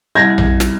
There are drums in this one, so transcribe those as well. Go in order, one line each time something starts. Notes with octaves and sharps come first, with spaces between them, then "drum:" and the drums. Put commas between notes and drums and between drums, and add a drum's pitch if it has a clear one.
C2 G#6 A#6
drum: tom A#1
drum: snare